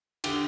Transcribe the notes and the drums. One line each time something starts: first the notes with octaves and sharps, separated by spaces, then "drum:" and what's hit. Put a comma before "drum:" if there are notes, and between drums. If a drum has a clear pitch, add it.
D3 G4, drum: cymbal